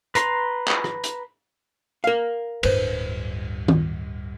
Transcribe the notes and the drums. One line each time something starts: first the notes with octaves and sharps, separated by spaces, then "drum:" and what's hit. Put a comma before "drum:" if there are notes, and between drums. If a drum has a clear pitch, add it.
B4 A#5 C6, drum: hi-hat
drum: clap
drum: rim click
drum: hi-hat
A#4 F5
D1 G2 B4 C5, drum: cymbal
drum: tom D#3